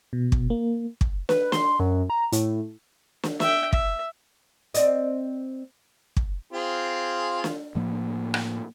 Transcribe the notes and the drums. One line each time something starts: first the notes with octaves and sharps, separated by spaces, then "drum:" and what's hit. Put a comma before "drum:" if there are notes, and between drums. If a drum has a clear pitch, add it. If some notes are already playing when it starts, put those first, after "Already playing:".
B2
drum: kick
A#3
drum: kick
B4, drum: snare
C6, drum: snare
F#2
A#5
A2, drum: hi-hat
drum: snare
E5 G5, drum: snare
E5, drum: kick
C4 D5 D#5, drum: hi-hat
drum: kick
C4 F4 G#4
drum: snare
A2 F3 A#3
drum: rim click